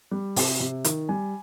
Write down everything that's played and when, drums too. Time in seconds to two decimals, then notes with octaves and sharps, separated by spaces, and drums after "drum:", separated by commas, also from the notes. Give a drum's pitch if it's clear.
0.11 G3
0.36 C3, drum: open hi-hat
0.60 C3
0.84 D#3, drum: hi-hat
1.09 G3 G#5